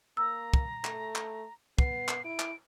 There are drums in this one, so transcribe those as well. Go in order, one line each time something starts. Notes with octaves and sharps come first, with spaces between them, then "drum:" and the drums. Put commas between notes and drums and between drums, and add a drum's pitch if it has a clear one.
A#3 A#5 E6
drum: kick
A3, drum: clap
drum: clap
B3 C7, drum: kick
drum: clap
E4 D7
drum: clap